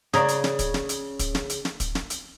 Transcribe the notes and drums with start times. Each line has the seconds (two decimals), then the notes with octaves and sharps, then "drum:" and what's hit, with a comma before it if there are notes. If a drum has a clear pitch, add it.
0.14 C#3 D5 A#5 D#6, drum: snare
0.29 drum: hi-hat
0.44 drum: snare
0.59 drum: kick, hi-hat
0.74 drum: snare
0.89 drum: hi-hat
1.19 drum: kick, hi-hat
1.35 drum: snare
1.50 drum: hi-hat
1.65 drum: snare
1.80 drum: kick, hi-hat
1.95 drum: snare
2.10 drum: hi-hat